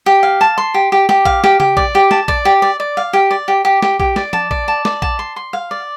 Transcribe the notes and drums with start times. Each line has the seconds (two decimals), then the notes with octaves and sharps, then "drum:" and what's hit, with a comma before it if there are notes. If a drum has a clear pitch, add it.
0.06 G4
0.23 F5
0.41 A5
0.58 C6
0.74 G4
0.92 G4
1.09 G4, drum: snare
1.25 F5, drum: kick A#1
1.44 G4, drum: snare
1.60 G4, drum: tom C#3
1.77 D5, drum: kick A#1
1.95 G4
2.11 A5, drum: snare
2.28 D5, drum: kick A#1
2.45 G4
2.62 D5
2.80 D5
2.97 F5
3.13 G4
3.31 D5
3.48 G4
3.65 G4
3.82 G4, drum: snare
4.00 G4, drum: kick A#1
4.16 D5, drum: snare
4.33 A5, drum: tom
4.51 D5, drum: kick A#1
4.68 A5
4.85 D5, drum: snare
5.02 A5, drum: kick A#1
5.19 C6
5.36 C6
5.53 F5
5.71 D5